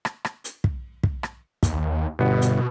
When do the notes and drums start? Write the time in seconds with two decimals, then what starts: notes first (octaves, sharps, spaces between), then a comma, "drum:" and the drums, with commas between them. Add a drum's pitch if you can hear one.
0.05 drum: rim click
0.25 drum: rim click
0.44 drum: hi-hat
0.64 drum: kick
1.03 drum: kick
1.23 drum: rim click
1.63 D#2, drum: kick, hi-hat
2.19 G1 B2 B3
2.42 drum: hi-hat